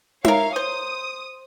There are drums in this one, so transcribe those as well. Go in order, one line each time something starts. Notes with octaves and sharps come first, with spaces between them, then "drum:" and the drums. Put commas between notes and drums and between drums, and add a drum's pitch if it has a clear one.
A#4 C#5 E5 F5, drum: tom D#4
C5 D#6